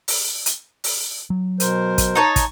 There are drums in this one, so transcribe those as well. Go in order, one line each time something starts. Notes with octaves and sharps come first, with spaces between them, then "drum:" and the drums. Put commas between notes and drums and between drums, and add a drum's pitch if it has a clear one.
drum: open hi-hat
drum: hi-hat
drum: open hi-hat
F#3
B2 A#4 C5, drum: hi-hat
drum: kick, hi-hat
D#4 C#5 A5
drum: kick, hi-hat